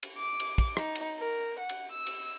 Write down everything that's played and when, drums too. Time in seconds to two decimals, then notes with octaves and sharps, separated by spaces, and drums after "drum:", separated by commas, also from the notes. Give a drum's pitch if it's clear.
0.03 drum: cymbal
0.18 D6
0.40 drum: cymbal
0.58 drum: kick, cymbal
0.77 D#4, drum: rim click
0.95 drum: cymbal
1.18 A#4
1.60 F#5
1.69 drum: cymbal
1.93 E6
2.06 drum: cymbal